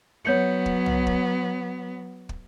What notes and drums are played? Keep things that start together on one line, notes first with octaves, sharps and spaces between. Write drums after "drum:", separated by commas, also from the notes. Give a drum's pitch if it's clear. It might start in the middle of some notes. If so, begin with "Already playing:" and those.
F#3 B3 C#5 G6 C#7
drum: kick
drum: tom
drum: kick
drum: kick